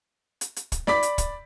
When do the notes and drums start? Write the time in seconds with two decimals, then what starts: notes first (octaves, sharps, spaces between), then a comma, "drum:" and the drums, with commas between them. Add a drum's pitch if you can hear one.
0.41 drum: hi-hat
0.56 drum: hi-hat
0.72 drum: kick, hi-hat
0.87 D5 B5 D6 B6, drum: snare
1.03 drum: hi-hat
1.18 drum: kick, hi-hat